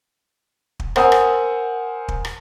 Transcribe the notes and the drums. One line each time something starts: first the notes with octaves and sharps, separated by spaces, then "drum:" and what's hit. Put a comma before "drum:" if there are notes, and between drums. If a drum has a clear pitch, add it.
drum: kick
A#4 C5 F#5 G#5 D#6 E6, drum: rim click
drum: rim click
drum: kick
drum: rim click